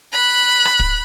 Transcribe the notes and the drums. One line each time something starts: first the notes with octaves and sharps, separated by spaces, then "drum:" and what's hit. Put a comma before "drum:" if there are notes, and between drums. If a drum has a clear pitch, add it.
B5 F#6
drum: rim click
drum: kick